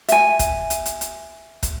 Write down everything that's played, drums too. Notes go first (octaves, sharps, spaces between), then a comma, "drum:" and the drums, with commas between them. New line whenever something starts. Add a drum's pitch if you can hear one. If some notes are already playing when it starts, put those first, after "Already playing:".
E5 G#5, drum: hi-hat
drum: kick, hi-hat
drum: hi-hat
drum: hi-hat
drum: hi-hat
drum: kick, hi-hat